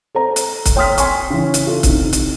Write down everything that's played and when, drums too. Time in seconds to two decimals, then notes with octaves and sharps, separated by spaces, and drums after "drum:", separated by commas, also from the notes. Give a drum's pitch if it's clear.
0.15 A4 C5 A#5
0.36 drum: hi-hat
0.66 drum: kick C#1, hi-hat
0.76 C#5 G5 C6 D#6 F6 B6
0.98 G#5 C6 C#6, drum: hi-hat
1.30 C#3 E3
1.54 drum: hi-hat
1.66 E4 F4 A4
1.83 C3 D#4, drum: kick C#1, hi-hat
2.13 drum: hi-hat